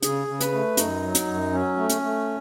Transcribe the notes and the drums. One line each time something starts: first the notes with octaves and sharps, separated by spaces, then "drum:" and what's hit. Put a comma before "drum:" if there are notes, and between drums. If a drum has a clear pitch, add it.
C#3 G#4, drum: hi-hat
C#3
B4, drum: hi-hat
A3
F#2 D#4, drum: hi-hat
F#3
drum: hi-hat
F#2
F#3 C#4
A3
drum: hi-hat
A3